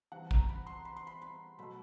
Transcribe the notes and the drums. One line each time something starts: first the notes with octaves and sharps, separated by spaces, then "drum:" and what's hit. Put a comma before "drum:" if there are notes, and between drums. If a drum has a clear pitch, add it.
E3 G3 C4 F#5
A#5, drum: kick
B5
C6
B5
C6
B5
B5
B2 F#3 A3 B5